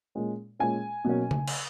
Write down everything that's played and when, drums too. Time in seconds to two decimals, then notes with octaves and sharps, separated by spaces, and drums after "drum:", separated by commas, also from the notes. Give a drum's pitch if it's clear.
0.15 A#2 G#3 C#4
0.59 A#2 G#3 C#4 G#5
1.04 B2 F#3 A#3 C#4
1.31 drum: tom C#3
1.48 drum: cymbal